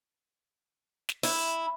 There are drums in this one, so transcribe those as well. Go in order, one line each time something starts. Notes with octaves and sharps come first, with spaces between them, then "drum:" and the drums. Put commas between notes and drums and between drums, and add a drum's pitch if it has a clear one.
drum: snare
E4, drum: open hi-hat